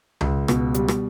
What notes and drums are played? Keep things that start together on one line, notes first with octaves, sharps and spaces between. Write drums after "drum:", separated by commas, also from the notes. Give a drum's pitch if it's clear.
C#2, drum: tom C#2
B2, drum: rim click
G3, drum: hi-hat
drum: rim click